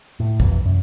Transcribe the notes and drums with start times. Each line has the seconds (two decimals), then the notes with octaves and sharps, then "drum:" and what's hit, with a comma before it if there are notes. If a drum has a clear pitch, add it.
0.20 A2
0.40 A#1 F2 C3 E3, drum: kick
0.65 F#2